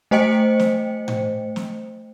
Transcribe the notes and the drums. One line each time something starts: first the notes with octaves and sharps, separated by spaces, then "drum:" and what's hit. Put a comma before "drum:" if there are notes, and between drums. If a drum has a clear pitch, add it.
A3 C5 D#5 G5 C#7
drum: snare
drum: tom A2
drum: snare